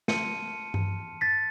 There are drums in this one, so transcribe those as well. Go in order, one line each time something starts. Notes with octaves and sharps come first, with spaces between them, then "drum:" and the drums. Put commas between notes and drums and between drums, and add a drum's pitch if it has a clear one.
A5 C6 F6 C#7 D#7, drum: snare
drum: tom G2
A6 B6